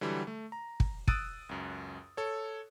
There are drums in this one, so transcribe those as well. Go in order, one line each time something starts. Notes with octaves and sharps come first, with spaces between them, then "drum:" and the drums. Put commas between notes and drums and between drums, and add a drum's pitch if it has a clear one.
D3 E3 F#3 G3
A3
A#5
drum: kick
D#6 E6 F#6 A6 D7 D#7, drum: kick
C#2 F#2
A4 C#5